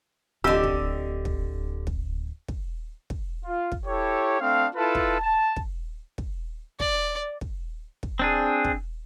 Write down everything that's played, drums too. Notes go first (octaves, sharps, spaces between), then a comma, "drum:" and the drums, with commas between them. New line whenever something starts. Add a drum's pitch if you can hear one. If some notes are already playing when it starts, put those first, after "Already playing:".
D1 D3 C4 G4 D#5 E6
drum: kick
drum: kick
drum: kick
drum: kick
drum: kick
F4
drum: kick
E4 G4 A4 C#5
A3 C4 D4 F5
E4 F4 A4 B4 A5
drum: kick
A5
drum: kick
drum: kick
D5, drum: kick
drum: kick
drum: kick
C4 D4 G#4
drum: kick